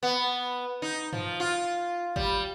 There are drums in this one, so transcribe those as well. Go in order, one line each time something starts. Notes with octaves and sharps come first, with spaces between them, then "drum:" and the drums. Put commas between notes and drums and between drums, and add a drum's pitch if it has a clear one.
B3
D#4
F3, drum: tom G2
F4
G3, drum: kick G#1